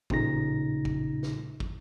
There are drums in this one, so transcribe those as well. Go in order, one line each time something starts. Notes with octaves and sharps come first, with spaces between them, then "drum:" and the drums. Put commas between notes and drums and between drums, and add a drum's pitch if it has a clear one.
A1 A#2 C#3 D#4 A#6, drum: kick
drum: kick
drum: snare
drum: kick